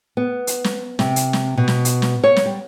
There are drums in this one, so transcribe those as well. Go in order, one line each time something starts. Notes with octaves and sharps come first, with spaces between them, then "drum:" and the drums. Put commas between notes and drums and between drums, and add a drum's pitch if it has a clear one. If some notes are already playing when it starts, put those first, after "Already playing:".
B3
drum: hi-hat
drum: snare
C3, drum: snare
drum: hi-hat
drum: snare
B2
drum: snare
drum: hi-hat
drum: snare
C#5
drum: snare
G3